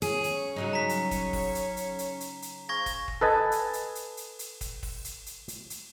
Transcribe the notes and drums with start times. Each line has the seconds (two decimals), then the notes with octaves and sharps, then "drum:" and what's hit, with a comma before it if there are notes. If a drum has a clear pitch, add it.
0.02 F#2 C#4 G#4 C#5, drum: hi-hat
0.24 drum: hi-hat
0.56 C#3 F#3 D#4
0.73 A#5 B6
0.89 drum: hi-hat
1.11 drum: kick, hi-hat
1.33 drum: kick, open hi-hat
1.55 drum: hi-hat
1.77 drum: hi-hat
1.99 drum: hi-hat
2.20 drum: hi-hat
2.42 drum: hi-hat
2.69 G#4 C5 F5 C#6 G#6 A#6
2.86 drum: kick, hi-hat
3.08 drum: kick
3.21 A4 B4 D#5 G#5 A5
3.52 drum: hi-hat
3.73 drum: hi-hat
3.95 drum: hi-hat
4.17 drum: hi-hat
4.39 drum: hi-hat
4.61 drum: kick, hi-hat
4.83 drum: kick, open hi-hat
5.05 drum: hi-hat
5.26 drum: hi-hat
5.48 drum: hi-hat
5.70 drum: hi-hat